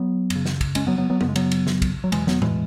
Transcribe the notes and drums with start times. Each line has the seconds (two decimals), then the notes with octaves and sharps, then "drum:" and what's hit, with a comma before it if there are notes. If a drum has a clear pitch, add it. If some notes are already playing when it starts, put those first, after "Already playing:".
Already playing: F#3 B3
0.30 F#2, drum: cymbal
0.35 C#3
0.46 drum: snare
0.61 drum: kick, cymbal
0.75 G#3 C#4, drum: cymbal
0.87 F#3 B3
0.98 F#3 B3
1.10 F#3 B3
1.21 F#2 C#3 B3, drum: tom F#3
1.29 G#3
1.36 F#3 B3, drum: cymbal
1.52 drum: cymbal
1.67 drum: snare
1.82 drum: kick, cymbal
2.04 F#3
2.12 E2 B2 E3 G#3, drum: cymbal
2.27 F#3 B3, drum: snare
2.42 E3 G#3, drum: tom A2